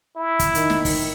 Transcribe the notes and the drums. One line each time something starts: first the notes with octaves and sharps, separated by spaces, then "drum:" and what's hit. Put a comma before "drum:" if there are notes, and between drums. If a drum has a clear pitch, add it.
E4
drum: kick, hi-hat
D#3, drum: hi-hat
drum: snare
drum: kick, open hi-hat